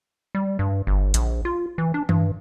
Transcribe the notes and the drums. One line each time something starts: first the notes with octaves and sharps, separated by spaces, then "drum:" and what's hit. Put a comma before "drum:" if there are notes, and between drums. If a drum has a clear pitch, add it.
G3
G2
G1
A#1, drum: hi-hat
F4
E3
D4
G2, drum: tom D#3